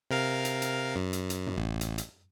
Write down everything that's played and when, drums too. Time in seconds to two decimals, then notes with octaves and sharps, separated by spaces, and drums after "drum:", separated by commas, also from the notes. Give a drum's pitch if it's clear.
0.11 C3 A#4 F5
0.45 drum: hi-hat
0.62 drum: hi-hat
0.96 F#2
1.13 drum: hi-hat
1.30 drum: hi-hat
1.47 drum: tom F#2
1.57 A1
1.81 drum: hi-hat
1.98 drum: hi-hat